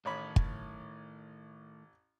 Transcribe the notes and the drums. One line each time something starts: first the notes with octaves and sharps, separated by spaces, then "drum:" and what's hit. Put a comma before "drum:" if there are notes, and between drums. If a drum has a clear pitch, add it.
A1 A2 D#3 A3 C#5 B5
drum: kick